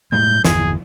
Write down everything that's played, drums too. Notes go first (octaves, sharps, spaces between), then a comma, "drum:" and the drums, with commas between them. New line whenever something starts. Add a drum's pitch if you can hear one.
A2 G3 G#3 G6
G1 E2 G#4, drum: snare